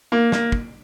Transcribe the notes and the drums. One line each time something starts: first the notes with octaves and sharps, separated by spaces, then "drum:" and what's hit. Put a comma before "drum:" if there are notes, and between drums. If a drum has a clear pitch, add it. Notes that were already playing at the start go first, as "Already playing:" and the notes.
A#3
A#3, drum: snare
drum: kick